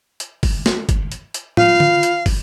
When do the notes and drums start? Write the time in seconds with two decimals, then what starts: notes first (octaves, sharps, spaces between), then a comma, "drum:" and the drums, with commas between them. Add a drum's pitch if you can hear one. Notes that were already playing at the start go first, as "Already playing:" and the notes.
0.20 drum: hi-hat
0.43 drum: kick, open hi-hat
0.66 drum: snare
0.89 drum: kick, hi-hat
1.12 drum: hi-hat
1.34 drum: hi-hat
1.57 F4 F5, drum: tom
1.80 drum: tom
2.03 drum: hi-hat
2.26 drum: kick, open hi-hat